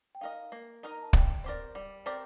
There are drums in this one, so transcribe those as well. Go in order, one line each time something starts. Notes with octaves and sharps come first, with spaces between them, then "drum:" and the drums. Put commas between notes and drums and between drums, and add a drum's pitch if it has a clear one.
G5
D#4 A#4 D#5 F5
A#3
D#4 A#4 D#5
A#5
A5
G3 G5, drum: kick
C4 G4 A#4 D5
G3
C4 G4 A#4 D5